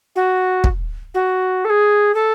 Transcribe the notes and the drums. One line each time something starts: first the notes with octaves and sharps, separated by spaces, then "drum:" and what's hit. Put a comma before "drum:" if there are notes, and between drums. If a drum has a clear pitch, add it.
F#4
drum: kick
F#4
A4
G#4
A4